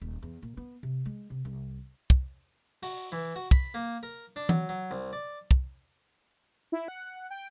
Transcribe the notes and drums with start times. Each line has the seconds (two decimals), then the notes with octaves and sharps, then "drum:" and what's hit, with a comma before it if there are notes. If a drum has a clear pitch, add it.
0.01 D#1
0.22 E2
0.42 A#2
0.57 B3
0.83 C3
1.05 G#3
1.30 C3
1.45 C2
2.10 drum: kick
2.83 F#4, drum: open hi-hat
3.12 E3
3.36 F#4
3.51 B5, drum: kick
3.74 A#3
4.03 A#4
4.36 D4
4.49 F#3, drum: tom E3
4.69 F#3
4.91 C2
5.13 D5
5.51 drum: kick
6.72 E4
6.88 F#5
7.30 G5